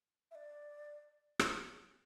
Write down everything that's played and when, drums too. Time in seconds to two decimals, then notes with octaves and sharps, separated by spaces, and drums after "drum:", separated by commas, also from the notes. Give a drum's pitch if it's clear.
0.31 E5
0.35 D5
1.39 drum: rim click